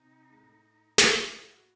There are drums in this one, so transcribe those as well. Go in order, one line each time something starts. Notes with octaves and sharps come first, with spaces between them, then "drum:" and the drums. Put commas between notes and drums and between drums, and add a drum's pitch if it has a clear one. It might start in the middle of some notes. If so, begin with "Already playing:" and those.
Already playing: C3 C4 D#4
G#3
A2 A3
drum: snare
E4
E4
F#4